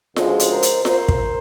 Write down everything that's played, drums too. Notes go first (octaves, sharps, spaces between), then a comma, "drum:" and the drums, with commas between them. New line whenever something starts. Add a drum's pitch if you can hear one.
D2 C#3 F3 G#3, drum: snare F4
drum: hi-hat
A#4 C5
drum: hi-hat
A#4 C5, drum: snare F4
drum: kick